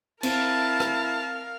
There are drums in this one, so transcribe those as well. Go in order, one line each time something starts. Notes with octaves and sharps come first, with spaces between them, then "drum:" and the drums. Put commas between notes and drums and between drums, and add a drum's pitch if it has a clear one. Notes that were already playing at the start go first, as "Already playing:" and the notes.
C4 E4 A#4 F5 A5, drum: cymbal
drum: rim click